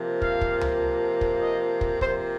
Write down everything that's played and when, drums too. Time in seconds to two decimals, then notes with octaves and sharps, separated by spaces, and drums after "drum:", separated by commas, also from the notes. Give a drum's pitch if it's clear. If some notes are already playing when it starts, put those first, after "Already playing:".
Already playing: C3 F3 A#3
0.22 F5, drum: kick
0.41 drum: kick
0.61 drum: tom C#2
1.21 drum: kick
1.41 D#5
1.81 drum: kick
2.01 C3 F3 A#3 C5, drum: kick